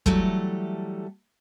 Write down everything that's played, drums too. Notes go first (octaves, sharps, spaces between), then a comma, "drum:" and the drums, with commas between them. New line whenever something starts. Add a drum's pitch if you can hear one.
E3 F#3 G3 A3 A4, drum: kick